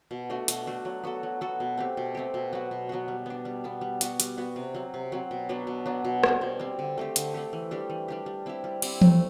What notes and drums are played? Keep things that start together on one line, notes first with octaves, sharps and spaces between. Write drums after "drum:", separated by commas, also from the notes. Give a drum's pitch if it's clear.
B2
A3 D4 F#4
B2, drum: hi-hat
A3 D4 F#4
F#3
B3 F#4 A4
F#3
B3 F#4 A4
B2
A3 C4 G4
B2
A3 C4 G4
B2
F#3 B3 F#4
B2
F#3 B3 F#4
G3
B3 D4
G3
B3 D4
G3
B3 F#4, drum: hi-hat
G3, drum: hi-hat
B3 F#4
C3
F#3 C4
C3
F#3 C4
B2
F#3 B3 D4
B2
F#3 B3 D4
B2
G3 C4, drum: rim click
B2
G3 C4
D3
A3 C4 G4
D3, drum: hi-hat
A3 C4 G4
E3
G3 D4 G4
E3
G3 D4 G4
G3
C4 E4 G4
G3
C4 E4 G4, drum: cymbal
A3, drum: tom E3